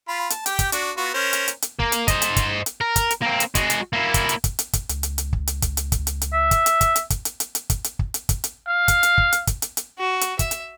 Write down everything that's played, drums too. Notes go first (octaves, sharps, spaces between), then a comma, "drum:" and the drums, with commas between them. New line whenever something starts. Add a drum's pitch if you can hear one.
F4 B5
A5, drum: hi-hat
G4 G5, drum: hi-hat
drum: kick, hi-hat
D4 F#4, drum: hi-hat
B3 F4 F#4
C#4 A#4 C5
drum: hi-hat
drum: hi-hat
drum: hi-hat
A#3, drum: kick
drum: hi-hat
C5 D#5, drum: kick, hi-hat
drum: hi-hat
drum: kick, hi-hat
drum: hi-hat
A#4
drum: kick, hi-hat
drum: hi-hat
A#3 C4
drum: hi-hat
G#3 F#4, drum: kick, hi-hat
drum: hi-hat
A#3 E4
drum: kick, hi-hat
drum: hi-hat
drum: kick, hi-hat
drum: hi-hat
drum: kick, hi-hat
C#2, drum: hi-hat
drum: hi-hat
drum: hi-hat
drum: kick
drum: hi-hat
drum: kick, hi-hat
drum: hi-hat
drum: kick, hi-hat
drum: hi-hat
drum: hi-hat
E5
drum: kick, hi-hat
drum: hi-hat
drum: kick, hi-hat
drum: hi-hat
drum: kick, hi-hat
drum: hi-hat
drum: hi-hat
drum: hi-hat
drum: kick, hi-hat
drum: hi-hat
drum: kick
drum: hi-hat
drum: kick, hi-hat
drum: hi-hat
F5
drum: kick, hi-hat
drum: hi-hat
drum: kick
drum: hi-hat
drum: kick, hi-hat
drum: hi-hat
drum: hi-hat
F#4
drum: hi-hat
E5, drum: kick, hi-hat
drum: hi-hat